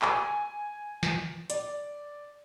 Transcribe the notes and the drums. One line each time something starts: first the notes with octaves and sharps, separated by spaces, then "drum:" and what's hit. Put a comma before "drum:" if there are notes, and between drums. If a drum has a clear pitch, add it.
G#5, drum: clap
drum: snare
D5, drum: hi-hat